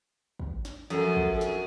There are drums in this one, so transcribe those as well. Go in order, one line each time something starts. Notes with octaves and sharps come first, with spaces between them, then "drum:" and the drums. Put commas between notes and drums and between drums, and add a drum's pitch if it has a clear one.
drum: kick
drum: snare
F#2 F3 A4, drum: snare
drum: kick
drum: snare